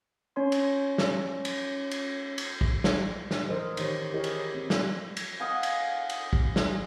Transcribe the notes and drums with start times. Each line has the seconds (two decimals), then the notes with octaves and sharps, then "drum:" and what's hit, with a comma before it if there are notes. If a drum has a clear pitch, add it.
0.36 C#4 C#5 C6
0.52 drum: cymbal
0.98 drum: snare
1.45 drum: cymbal
1.91 drum: cymbal
2.38 drum: cymbal
2.61 drum: kick
2.84 drum: snare
3.31 drum: snare
3.49 E3 A#4 C5 D#5
3.77 D#3 D#4 G4 C#5, drum: cymbal
4.13 E4 G4 G#4 A#4 C#5 D#5
4.24 drum: cymbal
4.54 C4
4.70 drum: snare
5.17 drum: cymbal
5.40 D#5 F5 F#5 G#5
5.63 drum: cymbal
6.09 drum: cymbal
6.33 drum: kick
6.56 drum: snare